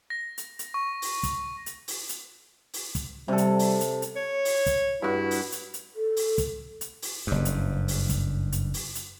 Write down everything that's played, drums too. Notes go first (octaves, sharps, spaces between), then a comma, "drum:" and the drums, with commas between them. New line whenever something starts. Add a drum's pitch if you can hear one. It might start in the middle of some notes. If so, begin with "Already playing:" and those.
A#6
drum: hi-hat
drum: hi-hat
C#6
drum: open hi-hat
drum: kick, hi-hat
drum: hi-hat
drum: open hi-hat
drum: hi-hat
drum: open hi-hat
drum: kick, hi-hat
C3 G3 A4
drum: hi-hat
drum: open hi-hat
drum: hi-hat
drum: hi-hat
C#5
drum: open hi-hat
drum: kick, hi-hat
G2 E4 F#4
drum: open hi-hat
drum: hi-hat
drum: hi-hat
A4
drum: open hi-hat
drum: kick, hi-hat
drum: hi-hat
drum: open hi-hat
F#1 G2
drum: hi-hat
drum: open hi-hat
drum: kick, hi-hat
drum: hi-hat
drum: open hi-hat
drum: hi-hat